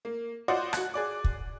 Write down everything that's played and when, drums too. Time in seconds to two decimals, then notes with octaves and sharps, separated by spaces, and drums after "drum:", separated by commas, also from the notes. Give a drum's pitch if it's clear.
0.05 A#3
0.48 F4 F#4 C5 D5 D#5 F#5
0.73 F#4 F#6, drum: rim click
0.94 G#4 D5 D6
1.24 drum: kick